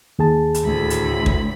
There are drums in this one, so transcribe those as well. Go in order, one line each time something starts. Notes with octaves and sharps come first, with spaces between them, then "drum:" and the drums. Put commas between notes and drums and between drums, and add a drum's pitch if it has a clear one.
D#2 G#4 A5
drum: hi-hat
D2 A2 B5
drum: hi-hat
drum: kick